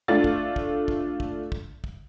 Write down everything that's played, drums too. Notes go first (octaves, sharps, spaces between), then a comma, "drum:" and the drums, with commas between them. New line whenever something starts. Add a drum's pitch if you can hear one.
A3 D4 F4 A6
drum: kick
drum: kick
drum: kick
drum: kick
drum: kick
drum: kick